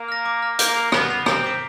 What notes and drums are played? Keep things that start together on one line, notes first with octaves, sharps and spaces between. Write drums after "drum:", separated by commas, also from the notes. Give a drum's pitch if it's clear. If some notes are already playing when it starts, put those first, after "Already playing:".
Already playing: A#3
F6 A#6
D6
F6 A#6
A#3 G6, drum: hi-hat
C7 F7
B3 G6, drum: rim click
C7 F7
C4 A#5, drum: rim click
D6 G6 B6 D7